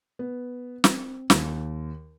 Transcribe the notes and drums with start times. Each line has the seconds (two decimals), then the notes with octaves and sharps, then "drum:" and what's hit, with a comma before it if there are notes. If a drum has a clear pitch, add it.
0.19 B3
0.84 C4, drum: snare
1.30 D#2, drum: snare